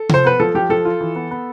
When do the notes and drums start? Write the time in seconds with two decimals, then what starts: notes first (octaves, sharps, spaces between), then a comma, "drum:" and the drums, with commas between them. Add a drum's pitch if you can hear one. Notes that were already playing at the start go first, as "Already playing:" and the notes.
Already playing: A4
0.09 F3 C5, drum: tom C3
0.24 B3 B4
0.40 F3 A4
0.55 F3 G4
0.70 F3 A4
0.85 F4
1.01 E3
1.16 B3
1.31 B3